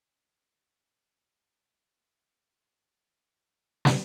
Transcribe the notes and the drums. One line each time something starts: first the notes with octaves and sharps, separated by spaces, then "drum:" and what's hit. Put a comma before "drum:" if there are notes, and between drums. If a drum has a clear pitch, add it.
G3 A3 F4
A3 B4 C5
C#4 D4 E4 F#5
F2 C#4
A#2 B3
A1 G2 D4 G4
drum: snare